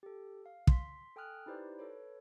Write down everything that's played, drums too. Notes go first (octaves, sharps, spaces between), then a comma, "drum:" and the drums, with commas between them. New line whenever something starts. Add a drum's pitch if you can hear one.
G4 A4
F5
C6 B6, drum: kick
A4 G5 G#5 D#6 F6 F#6
D#4 E4 G4 B4 C5 D5
A4 B4 C#5